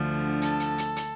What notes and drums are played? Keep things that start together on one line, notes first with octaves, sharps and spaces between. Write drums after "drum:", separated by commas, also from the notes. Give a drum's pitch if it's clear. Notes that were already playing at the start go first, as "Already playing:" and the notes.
Already playing: D2 D3 F3
A4, drum: hi-hat
drum: hi-hat
drum: hi-hat
drum: hi-hat